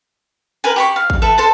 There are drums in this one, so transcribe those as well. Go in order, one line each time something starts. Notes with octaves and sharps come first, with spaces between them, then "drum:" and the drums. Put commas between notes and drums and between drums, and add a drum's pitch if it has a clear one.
A#4 B4 G#5
G4 B5 C#6
F5
drum: kick A1
A4 B4 E5
A4 C5 A5